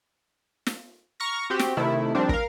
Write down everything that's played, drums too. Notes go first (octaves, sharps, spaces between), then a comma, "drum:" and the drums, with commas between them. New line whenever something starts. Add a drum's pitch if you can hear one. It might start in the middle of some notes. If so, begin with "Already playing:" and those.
drum: snare
A#5 C#6 F6 A#6
C4 F#4 G4
drum: snare
C3 D#3 A3 E4
D#3 F3 G3 C4 D4
A#4 F5, drum: kick